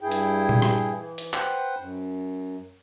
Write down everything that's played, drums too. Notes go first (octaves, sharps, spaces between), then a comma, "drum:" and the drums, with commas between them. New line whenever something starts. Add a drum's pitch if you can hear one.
G2 E4 G#4 G5
drum: hi-hat
drum: tom A#2
drum: rim click
E3
drum: hi-hat
B4 C5 F#5 G5, drum: clap
F#2